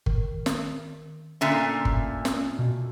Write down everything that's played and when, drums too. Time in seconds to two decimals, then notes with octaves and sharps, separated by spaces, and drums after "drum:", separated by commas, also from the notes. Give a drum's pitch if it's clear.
0.06 D#3, drum: kick G1
0.46 drum: snare
1.41 A#2 D3 A3 C#4
1.85 drum: kick G1
2.25 drum: snare
2.59 B2